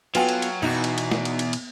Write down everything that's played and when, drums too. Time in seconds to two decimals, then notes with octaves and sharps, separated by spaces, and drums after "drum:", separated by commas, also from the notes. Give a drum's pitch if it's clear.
0.15 F#3 B3 F4 F#4 A4 B4 G5 G#5, drum: cymbal
0.29 drum: cymbal
0.42 drum: cymbal
0.62 E2 B2 D#4 F#4
0.84 drum: cymbal
0.98 drum: cymbal
1.12 drum: snare
1.25 drum: cymbal
1.39 drum: cymbal
1.53 drum: cymbal